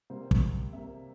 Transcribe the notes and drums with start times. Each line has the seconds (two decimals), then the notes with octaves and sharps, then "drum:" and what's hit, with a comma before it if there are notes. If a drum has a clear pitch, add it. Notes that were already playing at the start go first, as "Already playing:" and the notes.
0.10 C3 G3 A#3 C5
0.31 drum: kick
0.73 C3 G3 A#3 E5